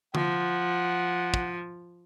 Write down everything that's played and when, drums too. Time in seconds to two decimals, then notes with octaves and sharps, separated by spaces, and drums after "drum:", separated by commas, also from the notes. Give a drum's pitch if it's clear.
0.15 F3 F#5, drum: tom D3
1.34 drum: kick